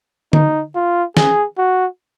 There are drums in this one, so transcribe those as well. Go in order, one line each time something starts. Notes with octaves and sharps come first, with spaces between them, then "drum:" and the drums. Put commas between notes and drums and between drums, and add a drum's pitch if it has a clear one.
D#4, drum: tom D3
F4
G#4, drum: snare
F#4